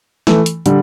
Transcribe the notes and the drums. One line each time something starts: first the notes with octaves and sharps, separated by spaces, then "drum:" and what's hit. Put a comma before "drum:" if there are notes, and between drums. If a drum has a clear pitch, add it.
E3 A3, drum: snare
drum: hi-hat
D3 G3, drum: hi-hat